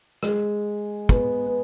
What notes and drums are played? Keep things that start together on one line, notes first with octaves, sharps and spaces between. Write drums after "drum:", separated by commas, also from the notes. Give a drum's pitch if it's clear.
G#3, drum: rim click
B3, drum: kick
B3